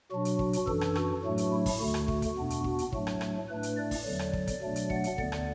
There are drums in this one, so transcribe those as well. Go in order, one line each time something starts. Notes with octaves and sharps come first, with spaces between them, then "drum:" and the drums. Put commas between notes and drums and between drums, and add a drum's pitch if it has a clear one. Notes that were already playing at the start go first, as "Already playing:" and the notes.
B2 F#3 D4 F#4
drum: hi-hat
drum: kick
drum: hi-hat
F#2 E3 D4 A4, drum: kick
drum: rim click
F#4, drum: rim click
A2 F#3 A3 D4
drum: hi-hat
E4
drum: kick, open hi-hat
D2 D3 A3 F#4
drum: rim click
drum: kick
drum: kick, hi-hat
E2 B2 B3 D4
drum: hi-hat
F#4, drum: kick
drum: hi-hat
A2 F#3 A3 D4, drum: kick
drum: rim click
drum: rim click
A2 A3 D4 B4
drum: hi-hat
D5
drum: kick, open hi-hat
E2 D3 F#3
drum: rim click
drum: kick
drum: kick, hi-hat
B2 F#3 A3 D4
drum: hi-hat
F#5, drum: kick
drum: hi-hat
D2 D3 B3 D5, drum: kick
drum: rim click